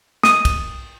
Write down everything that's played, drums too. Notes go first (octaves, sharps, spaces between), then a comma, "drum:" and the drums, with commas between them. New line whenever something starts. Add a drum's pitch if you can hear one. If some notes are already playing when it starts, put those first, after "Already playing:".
D#6, drum: snare
drum: kick, cymbal